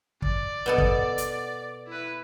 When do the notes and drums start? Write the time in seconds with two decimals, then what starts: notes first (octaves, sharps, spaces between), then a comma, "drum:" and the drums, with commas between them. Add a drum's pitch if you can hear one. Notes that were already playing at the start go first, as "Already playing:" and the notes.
0.22 D5, drum: kick
0.66 B2 B3 A4
0.78 drum: kick
1.18 drum: hi-hat
1.87 E4 B4